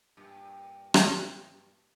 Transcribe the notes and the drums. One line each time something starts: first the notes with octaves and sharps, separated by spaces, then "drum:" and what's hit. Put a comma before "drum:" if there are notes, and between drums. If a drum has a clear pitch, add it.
G2 A#2
drum: rim click